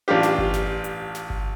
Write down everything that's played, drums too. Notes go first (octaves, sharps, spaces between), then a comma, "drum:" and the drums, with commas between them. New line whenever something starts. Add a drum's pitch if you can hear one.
A1 D4 F4 G4
drum: snare
drum: kick G1
drum: snare
drum: hi-hat
drum: snare
drum: kick G1